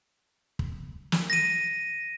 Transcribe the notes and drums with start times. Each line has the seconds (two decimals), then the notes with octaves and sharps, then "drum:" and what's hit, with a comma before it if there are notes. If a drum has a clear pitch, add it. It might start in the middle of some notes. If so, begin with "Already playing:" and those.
0.59 drum: kick
1.12 drum: snare
1.30 A#6 D#7